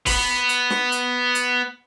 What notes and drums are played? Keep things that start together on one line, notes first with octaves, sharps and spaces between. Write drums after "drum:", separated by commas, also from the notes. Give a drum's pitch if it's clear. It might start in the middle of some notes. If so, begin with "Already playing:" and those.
B3 B5, drum: kick, open hi-hat
drum: hi-hat
drum: snare
drum: hi-hat
drum: hi-hat